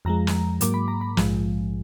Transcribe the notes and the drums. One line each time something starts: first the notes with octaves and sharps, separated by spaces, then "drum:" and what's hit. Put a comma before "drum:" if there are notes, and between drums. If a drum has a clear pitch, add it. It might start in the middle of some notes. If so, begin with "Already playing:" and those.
F2 F3 G#3 A#5
drum: snare
G#2 F#3 A#3 D6, drum: hi-hat
B5
A#5
B5
A#1 G#2 F3 G#3, drum: snare